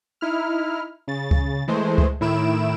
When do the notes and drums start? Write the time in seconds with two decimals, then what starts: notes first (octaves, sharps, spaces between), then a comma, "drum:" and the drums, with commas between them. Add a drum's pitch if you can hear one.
0.21 D#4 E4 F6
1.08 C#3 A6
1.31 drum: kick C#2
1.68 E3 G#3 A3 C5
1.98 drum: kick C#2
2.21 A2 D#3 E4 D7 E7